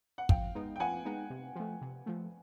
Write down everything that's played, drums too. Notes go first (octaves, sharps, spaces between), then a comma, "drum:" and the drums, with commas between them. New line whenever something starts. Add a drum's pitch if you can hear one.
F#5
F3 F5 G5, drum: kick
G#3 B3 D#4
G5
F3 F#5 G#5
G#3 B3 D#4
C3
F3 A3
C3
F3 A3